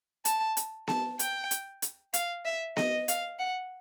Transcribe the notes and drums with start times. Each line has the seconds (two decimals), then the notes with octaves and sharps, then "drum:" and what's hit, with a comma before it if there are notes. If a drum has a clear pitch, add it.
0.25 A5, drum: hi-hat
0.57 drum: hi-hat
0.87 A5, drum: snare B3
1.19 G5, drum: hi-hat
1.51 drum: hi-hat
1.82 drum: hi-hat
2.14 F5, drum: hi-hat
2.45 E5
2.77 D#5, drum: snare B3
3.08 F5, drum: hi-hat
3.39 F#5